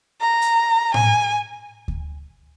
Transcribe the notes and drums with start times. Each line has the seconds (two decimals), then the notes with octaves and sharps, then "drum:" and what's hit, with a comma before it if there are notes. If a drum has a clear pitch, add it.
0.21 A#5
0.42 drum: hi-hat
0.94 G#5, drum: tom A2
1.88 drum: kick D2